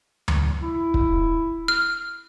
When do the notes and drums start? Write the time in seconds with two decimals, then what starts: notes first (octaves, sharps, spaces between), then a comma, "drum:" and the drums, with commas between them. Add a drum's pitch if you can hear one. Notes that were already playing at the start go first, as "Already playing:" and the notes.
0.28 drum: tom D2
0.63 E4
0.94 drum: kick
1.68 F6